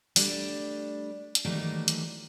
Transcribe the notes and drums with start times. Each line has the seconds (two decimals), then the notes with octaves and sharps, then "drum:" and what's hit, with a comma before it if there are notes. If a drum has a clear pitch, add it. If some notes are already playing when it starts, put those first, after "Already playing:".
0.16 G3 A3 D4, drum: open hi-hat
1.35 drum: hi-hat
1.45 D#3 E3 F#3 G3 A3 A#3
1.88 drum: hi-hat